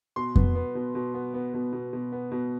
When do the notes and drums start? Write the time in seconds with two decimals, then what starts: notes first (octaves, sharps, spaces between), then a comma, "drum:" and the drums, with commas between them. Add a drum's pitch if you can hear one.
0.16 B2 C6
0.36 B3, drum: kick F2
0.55 B3
0.75 B2
0.95 B2
1.14 B3
1.34 B3
1.54 B2
1.73 B2
1.93 B2
2.12 B3
2.32 B2